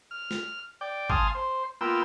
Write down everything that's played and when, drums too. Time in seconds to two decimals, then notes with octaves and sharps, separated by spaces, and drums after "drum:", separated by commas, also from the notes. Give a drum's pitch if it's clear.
0.11 F6
0.31 drum: snare
0.81 D5 G5
1.10 F5 G#5 A5 C6 D#6, drum: kick G#1
1.35 C5
1.81 A#3 B3 F4 G5 E6